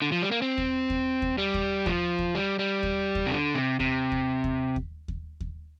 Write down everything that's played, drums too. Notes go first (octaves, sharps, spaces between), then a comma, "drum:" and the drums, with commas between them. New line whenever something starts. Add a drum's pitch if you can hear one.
D3
F3
G3
A#3
C4
drum: kick D#2
drum: kick D#2
drum: kick D#2
G3
drum: kick D#2
F3, drum: kick D#2
drum: kick D#2
G3
G3
drum: kick D#2
drum: kick D#2
C3
D3
C3
C3, drum: kick D#2
drum: kick D#2
drum: kick D#2
drum: kick D#2
drum: kick D#2
drum: kick D#2